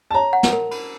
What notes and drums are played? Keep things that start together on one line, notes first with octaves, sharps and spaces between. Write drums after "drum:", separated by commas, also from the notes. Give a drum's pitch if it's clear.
A5
C#5 A#5
F#5
drum: snare
A#4
B5, drum: cymbal